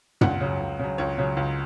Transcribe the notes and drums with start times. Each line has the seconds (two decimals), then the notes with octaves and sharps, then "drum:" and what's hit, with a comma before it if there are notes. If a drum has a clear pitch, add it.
0.21 C#2 F#5, drum: tom
0.41 C#3 F#3
0.60 C#2
0.79 C#3 F#3
0.98 C#2 C#5
1.18 C#3 F#3
1.37 C#2